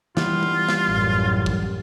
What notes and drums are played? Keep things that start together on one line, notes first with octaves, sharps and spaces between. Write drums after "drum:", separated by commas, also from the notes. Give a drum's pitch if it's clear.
E3 G3 B3 F4, drum: snare
drum: tom G3
drum: snare
A1 F#2
drum: kick